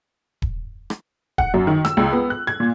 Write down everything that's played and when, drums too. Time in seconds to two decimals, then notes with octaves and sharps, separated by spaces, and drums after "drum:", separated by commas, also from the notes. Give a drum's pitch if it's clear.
0.42 drum: kick D#1
0.90 drum: rim click
1.38 F#5, drum: kick D#1
1.54 F#2
1.67 D#3
1.85 E6, drum: rim click
1.97 C#2
2.13 B3
2.30 F#6
2.47 G#6
2.60 A#2